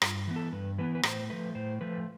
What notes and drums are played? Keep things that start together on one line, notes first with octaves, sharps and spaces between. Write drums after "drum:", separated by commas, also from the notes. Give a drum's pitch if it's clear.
G2 F4, drum: rim click
E3 B3
A4
G2 B4
E3 B3 B4
B4
A2 C5, drum: rim click
F3 A3 B4
A2 C5
F3 A3 B4